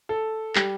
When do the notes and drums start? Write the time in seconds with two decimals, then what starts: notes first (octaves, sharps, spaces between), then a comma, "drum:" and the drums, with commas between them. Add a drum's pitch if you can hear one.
0.09 A4
0.55 G3, drum: clap